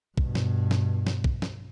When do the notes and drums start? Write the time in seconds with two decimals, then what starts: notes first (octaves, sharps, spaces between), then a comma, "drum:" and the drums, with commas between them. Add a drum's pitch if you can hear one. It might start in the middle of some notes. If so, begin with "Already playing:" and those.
0.18 G2 B2, drum: kick
0.35 drum: snare
0.71 drum: snare
1.07 drum: snare
1.24 drum: kick
1.42 drum: snare